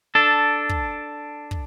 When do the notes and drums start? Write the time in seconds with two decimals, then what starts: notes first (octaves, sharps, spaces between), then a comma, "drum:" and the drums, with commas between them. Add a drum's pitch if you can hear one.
0.15 D4 A4
0.69 drum: kick
1.51 drum: kick